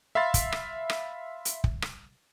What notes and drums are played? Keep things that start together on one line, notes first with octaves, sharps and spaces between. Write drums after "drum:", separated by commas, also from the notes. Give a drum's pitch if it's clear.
E5 F5 B5 C6 A6
drum: kick, hi-hat
drum: rim click
drum: rim click
drum: hi-hat
drum: kick
drum: rim click